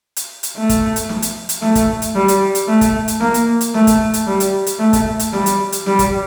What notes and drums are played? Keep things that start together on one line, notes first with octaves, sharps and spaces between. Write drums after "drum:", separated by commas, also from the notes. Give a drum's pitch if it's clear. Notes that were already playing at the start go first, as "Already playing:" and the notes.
drum: hi-hat
drum: hi-hat
A3
drum: kick, hi-hat
drum: hi-hat
drum: snare
drum: hi-hat
drum: hi-hat
A3, drum: snare
drum: kick, hi-hat
drum: hi-hat
G3
drum: hi-hat
drum: hi-hat
A3
drum: kick, hi-hat
drum: hi-hat
A#3, drum: snare
drum: hi-hat
drum: hi-hat
A3, drum: snare
drum: kick, hi-hat
drum: hi-hat
G3
drum: hi-hat
drum: hi-hat
A3
drum: kick, hi-hat
drum: hi-hat
G3, drum: snare
drum: hi-hat
drum: hi-hat
G3, drum: snare
drum: kick, hi-hat